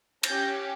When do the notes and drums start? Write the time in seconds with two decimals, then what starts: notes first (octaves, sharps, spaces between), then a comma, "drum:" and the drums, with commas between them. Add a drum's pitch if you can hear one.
0.23 C#4 G4 G6 A#6, drum: cymbal